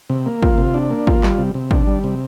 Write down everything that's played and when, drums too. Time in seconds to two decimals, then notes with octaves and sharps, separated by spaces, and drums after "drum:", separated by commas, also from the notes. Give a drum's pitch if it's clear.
0.10 C3
0.26 A#3
0.43 F4, drum: kick
0.58 C3
0.74 D4
0.90 A#3
1.07 F4, drum: kick
1.23 G3, drum: clap
1.38 C3
1.54 C3
1.71 D4, drum: kick
1.87 G3
2.04 C3